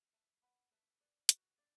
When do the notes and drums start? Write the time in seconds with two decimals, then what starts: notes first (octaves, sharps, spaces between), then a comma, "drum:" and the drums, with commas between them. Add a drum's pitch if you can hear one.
0.13 B4 E5 A5
0.42 B4 F#5 B5
0.71 B4 E5 A5
1.00 B4 D5
1.29 F#4 B4, drum: hi-hat
1.58 D4 D5